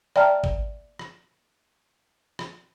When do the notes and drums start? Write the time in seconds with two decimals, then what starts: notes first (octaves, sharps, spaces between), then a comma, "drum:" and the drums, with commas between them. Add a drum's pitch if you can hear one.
0.16 D5 E5 G5 A5 A#5 F6, drum: rim click
0.44 drum: kick
0.99 drum: rim click
2.39 drum: rim click